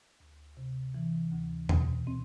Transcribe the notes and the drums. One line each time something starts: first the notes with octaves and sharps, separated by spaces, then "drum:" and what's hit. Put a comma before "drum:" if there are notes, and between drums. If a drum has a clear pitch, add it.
D2
C3
E3
D2
B2, drum: tom E2
C4